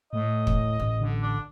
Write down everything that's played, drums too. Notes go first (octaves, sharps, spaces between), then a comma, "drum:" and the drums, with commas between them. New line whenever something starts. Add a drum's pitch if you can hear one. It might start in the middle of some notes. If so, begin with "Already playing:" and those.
A2 D#5
drum: kick
A1
D3
D4